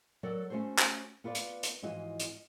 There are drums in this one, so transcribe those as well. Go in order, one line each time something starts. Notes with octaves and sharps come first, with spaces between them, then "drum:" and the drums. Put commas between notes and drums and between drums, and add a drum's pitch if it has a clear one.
F#3 A4 A#4 D5 F#5
A3 C#4 F#4 A4 C5
drum: clap
B3 F4 B4 D5
drum: hi-hat
drum: hi-hat
G#2 E3 F3 F#4 D#5
drum: hi-hat